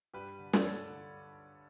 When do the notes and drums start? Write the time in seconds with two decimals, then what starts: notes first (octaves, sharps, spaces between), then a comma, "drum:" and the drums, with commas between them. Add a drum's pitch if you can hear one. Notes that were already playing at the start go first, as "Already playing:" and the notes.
0.14 G2 G4 B4
0.38 D3
0.53 D5, drum: snare
0.63 G2 A4 C#5
0.88 D3